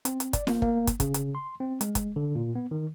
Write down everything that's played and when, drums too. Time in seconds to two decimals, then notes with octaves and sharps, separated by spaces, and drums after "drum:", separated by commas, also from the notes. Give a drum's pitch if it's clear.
0.05 C4, drum: hi-hat
0.20 drum: hi-hat
0.33 D5, drum: kick, hi-hat
0.47 A#3, drum: snare
0.62 A#3, drum: kick
0.87 drum: kick, hi-hat
1.00 C#3, drum: kick, hi-hat
1.14 drum: hi-hat
1.35 C6
1.60 C4
1.81 G#3, drum: hi-hat
1.95 drum: kick, hi-hat
2.16 D3
2.35 A#2
2.55 B3
2.71 D#3